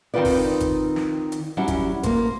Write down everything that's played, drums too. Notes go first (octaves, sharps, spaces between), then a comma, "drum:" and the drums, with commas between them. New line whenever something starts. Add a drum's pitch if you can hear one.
D#3 C4 D#4 F4 B4 D5
drum: kick G1, open hi-hat
drum: kick G1, hi-hat
drum: snare
drum: hi-hat
F#3 G3 C#4 E4
drum: kick G1, hi-hat
A#3 C5, drum: kick G1, hi-hat